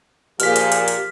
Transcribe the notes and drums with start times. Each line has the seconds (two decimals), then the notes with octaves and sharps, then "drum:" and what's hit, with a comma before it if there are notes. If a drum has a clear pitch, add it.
0.40 A#2 F3 G4 G#4 F6 B6, drum: hi-hat
0.56 drum: hi-hat
0.72 drum: hi-hat
0.88 drum: hi-hat